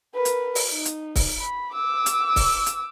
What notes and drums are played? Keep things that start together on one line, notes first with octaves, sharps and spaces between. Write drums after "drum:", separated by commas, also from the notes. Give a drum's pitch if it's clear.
A#4 B4
drum: hi-hat
drum: open hi-hat
D#4
drum: hi-hat
drum: kick C#1, open hi-hat
B5
D6 E6
drum: hi-hat
drum: kick C#1, open hi-hat
drum: hi-hat